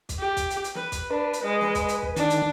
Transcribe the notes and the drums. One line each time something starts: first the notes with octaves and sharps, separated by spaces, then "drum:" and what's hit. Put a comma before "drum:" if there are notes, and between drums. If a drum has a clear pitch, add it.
drum: kick, hi-hat
G4
drum: kick, hi-hat
drum: hi-hat
drum: hi-hat
B4, drum: snare
drum: kick, hi-hat
D4 B4
drum: hi-hat
G#3
drum: snare
drum: kick, hi-hat
drum: hi-hat
drum: kick
D#3 D4, drum: hi-hat
drum: hi-hat